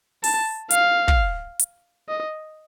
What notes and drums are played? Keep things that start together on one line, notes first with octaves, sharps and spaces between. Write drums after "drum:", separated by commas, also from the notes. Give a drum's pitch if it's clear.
A5, drum: open hi-hat
F5, drum: hi-hat
drum: kick
drum: hi-hat
D#5